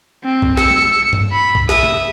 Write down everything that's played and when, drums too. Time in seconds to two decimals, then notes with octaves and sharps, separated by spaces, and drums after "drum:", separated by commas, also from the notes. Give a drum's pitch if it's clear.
0.24 C4
0.42 drum: kick B1
0.57 E6 C#7, drum: snare
0.71 drum: tom
1.13 drum: tom G2
1.32 B5
1.55 drum: kick B1
1.69 E5 D#6, drum: snare
1.83 drum: tom C#3